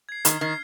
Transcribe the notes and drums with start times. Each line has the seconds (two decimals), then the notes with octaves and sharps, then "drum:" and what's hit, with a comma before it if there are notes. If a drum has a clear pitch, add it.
0.09 G#6 C7
0.25 D#3 F6, drum: hi-hat
0.41 D#3 G#6 C7